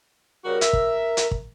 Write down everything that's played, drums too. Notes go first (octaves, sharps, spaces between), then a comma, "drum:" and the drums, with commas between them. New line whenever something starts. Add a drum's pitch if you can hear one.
C#3 G3 F#4 A#4
E5, drum: hi-hat
drum: kick
drum: hi-hat
drum: kick